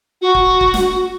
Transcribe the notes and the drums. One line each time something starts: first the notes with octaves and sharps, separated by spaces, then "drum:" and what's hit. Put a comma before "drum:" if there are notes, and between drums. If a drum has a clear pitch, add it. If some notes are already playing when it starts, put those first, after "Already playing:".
F#4
drum: kick
drum: kick
drum: snare